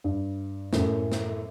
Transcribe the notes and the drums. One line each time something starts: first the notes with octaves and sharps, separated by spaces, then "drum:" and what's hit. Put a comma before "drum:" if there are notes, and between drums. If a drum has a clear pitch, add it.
G2
F#2 A2, drum: snare
drum: snare